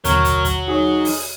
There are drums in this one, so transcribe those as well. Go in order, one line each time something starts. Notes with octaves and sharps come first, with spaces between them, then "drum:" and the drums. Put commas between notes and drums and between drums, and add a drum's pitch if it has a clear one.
D#2 B2 D3 F#3 A#4 C#5, drum: hi-hat
drum: kick, hi-hat
drum: kick, hi-hat
D#4 F#4 G#4 C#5
drum: open hi-hat